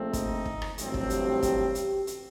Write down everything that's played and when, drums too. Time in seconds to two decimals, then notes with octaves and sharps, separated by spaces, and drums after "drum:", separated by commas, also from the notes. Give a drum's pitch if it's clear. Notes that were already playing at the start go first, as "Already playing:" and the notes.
Already playing: A#1 A#2 A3 C4
0.13 D#4, drum: kick, hi-hat
0.46 drum: kick
0.62 drum: rim click
0.78 A1 G2 F#3 C4, drum: hi-hat
0.94 drum: kick
1.10 G4, drum: hi-hat
1.42 drum: kick, hi-hat
1.75 G4, drum: hi-hat
2.07 drum: hi-hat